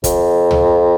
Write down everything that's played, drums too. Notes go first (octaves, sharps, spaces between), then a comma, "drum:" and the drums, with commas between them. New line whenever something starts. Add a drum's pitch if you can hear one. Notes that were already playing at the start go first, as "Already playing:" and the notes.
F2, drum: kick, hi-hat
drum: tom